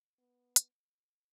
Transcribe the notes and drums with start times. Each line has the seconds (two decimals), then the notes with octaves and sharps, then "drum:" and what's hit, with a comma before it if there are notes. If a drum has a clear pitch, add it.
0.19 B3
0.56 drum: hi-hat